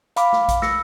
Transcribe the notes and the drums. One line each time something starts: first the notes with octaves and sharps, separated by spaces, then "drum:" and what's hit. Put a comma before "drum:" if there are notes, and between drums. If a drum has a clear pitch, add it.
F5 B5 D6, drum: hi-hat
drum: snare
drum: kick A#1, hi-hat
E6 A#6 C#7, drum: snare